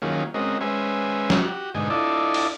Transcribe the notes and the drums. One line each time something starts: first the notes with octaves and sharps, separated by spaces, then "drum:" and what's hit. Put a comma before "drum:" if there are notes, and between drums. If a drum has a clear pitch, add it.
D#3 F#3 A#3 C#4 F4 G#4
G#3 C4 C#4 F#4 A#4 D#5
G#3 C#4 B4 C5 E5 G#5
drum: snare
F#4 G4
G#2 B2 D3 D#4 G#5
D4 E4 F4 A4 D5 D#5
drum: open hi-hat